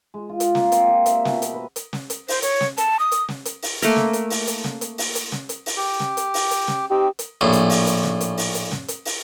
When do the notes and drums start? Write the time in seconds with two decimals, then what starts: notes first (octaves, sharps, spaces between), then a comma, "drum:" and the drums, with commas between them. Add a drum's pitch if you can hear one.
0.14 G#3
0.29 F4
0.40 drum: hi-hat
0.55 A#3, drum: snare
0.72 C4, drum: hi-hat
0.88 G4
1.06 E5, drum: hi-hat
1.25 B2, drum: snare
1.42 drum: hi-hat
1.54 B4
1.76 drum: hi-hat
1.93 drum: snare
2.10 drum: hi-hat
2.28 C5, drum: open hi-hat
2.42 C#5, drum: hi-hat
2.61 drum: snare
2.78 A5, drum: hi-hat
3.00 D#6
3.12 drum: hi-hat
3.28 drum: snare
3.45 drum: hi-hat
3.62 drum: open hi-hat
3.82 A3 A#3 A#4, drum: hi-hat
3.96 drum: snare
4.13 drum: hi-hat
4.30 drum: open hi-hat
4.47 drum: hi-hat
4.64 drum: snare
4.81 drum: hi-hat
4.98 drum: open hi-hat
5.15 drum: hi-hat
5.32 drum: snare
5.49 drum: hi-hat
5.66 drum: open hi-hat
5.77 G4
6.00 drum: snare
6.17 drum: hi-hat
6.34 drum: open hi-hat
6.51 drum: hi-hat
6.68 drum: snare
6.91 C4 D#4 G4
7.19 drum: hi-hat
7.41 A#1 A2
7.53 drum: hi-hat
7.70 drum: open hi-hat
7.87 drum: hi-hat
8.04 drum: snare
8.21 drum: hi-hat
8.37 drum: open hi-hat
8.54 drum: hi-hat
8.71 drum: snare
8.88 drum: hi-hat
9.05 drum: open hi-hat